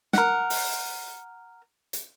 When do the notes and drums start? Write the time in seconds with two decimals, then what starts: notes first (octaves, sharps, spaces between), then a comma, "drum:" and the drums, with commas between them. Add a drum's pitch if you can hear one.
0.13 A#4 F#5, drum: snare
0.50 drum: open hi-hat
1.93 drum: hi-hat